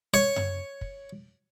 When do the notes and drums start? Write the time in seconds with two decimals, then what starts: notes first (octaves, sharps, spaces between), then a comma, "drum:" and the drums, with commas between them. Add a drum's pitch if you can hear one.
0.14 C#5
0.36 drum: tom F#2
0.81 drum: kick